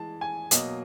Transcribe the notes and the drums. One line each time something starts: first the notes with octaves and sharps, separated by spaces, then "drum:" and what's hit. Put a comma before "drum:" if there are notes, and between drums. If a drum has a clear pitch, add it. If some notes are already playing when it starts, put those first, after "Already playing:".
Already playing: E3 G#3 A5
G#5
B2 F#3 A#3 D#5, drum: hi-hat